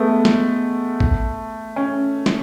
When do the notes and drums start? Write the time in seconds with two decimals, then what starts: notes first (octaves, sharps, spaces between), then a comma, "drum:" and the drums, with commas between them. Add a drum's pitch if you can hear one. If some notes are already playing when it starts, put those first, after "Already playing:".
Already playing: G#3 A3 B3
0.25 drum: snare
1.00 drum: kick A1
1.76 C#4
2.26 drum: snare